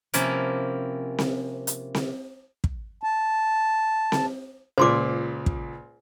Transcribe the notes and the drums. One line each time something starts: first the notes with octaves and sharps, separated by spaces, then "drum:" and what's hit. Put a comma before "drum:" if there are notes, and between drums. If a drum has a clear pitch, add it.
C3 F3 A#3 C#4 E4, drum: hi-hat
drum: snare C4
drum: hi-hat
drum: snare C4
drum: kick
A5
drum: snare C4
C#2 A#2 C5 C6 D6
drum: kick